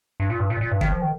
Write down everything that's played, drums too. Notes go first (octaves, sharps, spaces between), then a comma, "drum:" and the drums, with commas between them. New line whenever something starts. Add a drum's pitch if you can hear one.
G2
A#2
G2
A#2
A#2
G2
D#3, drum: kick
F3
D#3